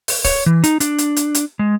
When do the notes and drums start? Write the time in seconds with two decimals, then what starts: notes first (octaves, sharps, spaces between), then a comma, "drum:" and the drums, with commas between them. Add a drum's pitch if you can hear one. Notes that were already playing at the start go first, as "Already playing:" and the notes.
0.08 drum: open hi-hat
0.25 C#5, drum: kick, open hi-hat
0.46 E3
0.64 D#4, drum: hi-hat
0.80 D4, drum: hi-hat
0.98 drum: hi-hat
1.16 drum: hi-hat
1.35 drum: hi-hat
1.59 G#3